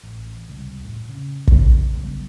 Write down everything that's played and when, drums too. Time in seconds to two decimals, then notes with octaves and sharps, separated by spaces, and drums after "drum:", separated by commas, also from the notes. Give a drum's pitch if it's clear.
0.03 A1
0.48 C#2 C3 G3
0.81 E1 A2
1.09 C#3
1.47 C#3, drum: kick
1.95 C#3 F#3 G3 B3